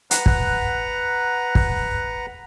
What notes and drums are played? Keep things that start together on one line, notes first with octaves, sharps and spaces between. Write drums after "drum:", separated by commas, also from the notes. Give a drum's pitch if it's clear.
B4 F#5 A#5, drum: hi-hat
drum: kick
drum: kick